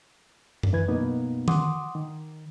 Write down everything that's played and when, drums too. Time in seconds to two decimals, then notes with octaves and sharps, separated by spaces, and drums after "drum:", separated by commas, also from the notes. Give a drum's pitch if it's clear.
0.63 drum: tom F#2
0.72 D2 E3 B4 G#6
0.88 F#2 B2 A#3 B3 D#4
1.48 F#5 C6 D6 D#6, drum: tom D#3
1.95 D#3